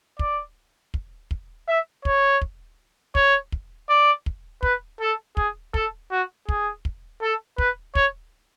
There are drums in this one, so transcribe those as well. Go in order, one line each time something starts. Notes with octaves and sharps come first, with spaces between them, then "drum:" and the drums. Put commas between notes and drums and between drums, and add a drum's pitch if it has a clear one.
D5, drum: kick
drum: kick
drum: kick
E5
C#5, drum: kick
drum: kick
C#5, drum: kick
drum: kick
D5
drum: kick
B4, drum: kick
A4
G#4, drum: kick
A4, drum: kick
F#4
G#4, drum: kick
drum: kick
A4
B4, drum: kick
C#5, drum: kick